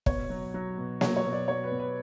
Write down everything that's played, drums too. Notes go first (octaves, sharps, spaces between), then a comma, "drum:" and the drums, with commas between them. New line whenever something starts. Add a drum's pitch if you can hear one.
B2 C#5, drum: kick
F#3
F#3
B2
F#3 C#5, drum: snare A#3
C#5
B2
D5
F#3 C#5
B4
B2
B4